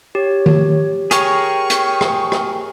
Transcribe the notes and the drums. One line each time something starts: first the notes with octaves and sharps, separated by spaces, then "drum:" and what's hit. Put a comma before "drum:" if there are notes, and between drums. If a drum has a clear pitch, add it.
G4 C#5
drum: tom D#3
G#4 A#4 C#5 G5 C#6, drum: hi-hat
drum: hi-hat
drum: rim click
drum: rim click